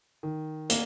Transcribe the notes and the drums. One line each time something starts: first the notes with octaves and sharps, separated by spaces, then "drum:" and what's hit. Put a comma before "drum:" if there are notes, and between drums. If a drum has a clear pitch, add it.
D#3
A#3, drum: hi-hat